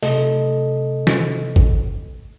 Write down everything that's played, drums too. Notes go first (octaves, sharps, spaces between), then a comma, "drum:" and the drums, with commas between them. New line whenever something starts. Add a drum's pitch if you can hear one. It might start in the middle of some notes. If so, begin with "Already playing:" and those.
C3 A3 A4 D#5, drum: open hi-hat
drum: snare
drum: kick G1